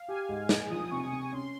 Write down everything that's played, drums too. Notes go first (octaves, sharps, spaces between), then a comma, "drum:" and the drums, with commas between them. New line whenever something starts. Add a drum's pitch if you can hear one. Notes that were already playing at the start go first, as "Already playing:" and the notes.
Already playing: F5
G4 G#5
G#2
G#3 G#5, drum: snare
F3 D#6
C3 C#6
D#6
C3 C#6
C#4 C6